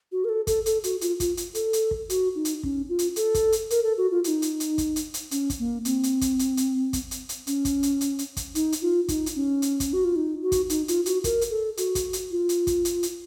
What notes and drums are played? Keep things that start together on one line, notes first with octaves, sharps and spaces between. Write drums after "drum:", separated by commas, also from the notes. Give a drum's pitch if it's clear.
F#4
A#4
A4
A4, drum: kick, hi-hat
A4, drum: hi-hat
F#4, drum: hi-hat
F4, drum: hi-hat
F4, drum: kick, hi-hat
drum: hi-hat
A4, drum: hi-hat
drum: hi-hat
drum: kick
F#4, drum: hi-hat
D#4
drum: hi-hat
C#4, drum: kick
F4
drum: hi-hat
A4, drum: hi-hat
drum: kick, hi-hat
drum: hi-hat
A#4, drum: hi-hat
A4
F#4
F4
F4, drum: hi-hat
D#4
drum: hi-hat
drum: hi-hat
drum: kick, hi-hat
drum: hi-hat
drum: hi-hat
C#4, drum: hi-hat
drum: kick, hi-hat
A#3
C4, drum: hi-hat
drum: hi-hat
drum: kick, hi-hat
drum: hi-hat
drum: hi-hat
drum: kick, hi-hat
drum: hi-hat
drum: hi-hat
C#4, drum: hi-hat
drum: kick, hi-hat
drum: hi-hat
drum: hi-hat
drum: hi-hat
drum: kick, hi-hat
D#4, drum: hi-hat
drum: hi-hat
F4
D#4, drum: kick, hi-hat
drum: hi-hat
C#4
drum: hi-hat
drum: kick, hi-hat
F#4
F4
D#4
F#4
drum: kick, hi-hat
D#4, drum: hi-hat
F4, drum: hi-hat
F#4, drum: hi-hat
A#4, drum: kick, hi-hat
drum: hi-hat
A4
F#4, drum: hi-hat
drum: kick, hi-hat
drum: hi-hat
F4
drum: hi-hat
drum: kick, hi-hat
drum: hi-hat
drum: hi-hat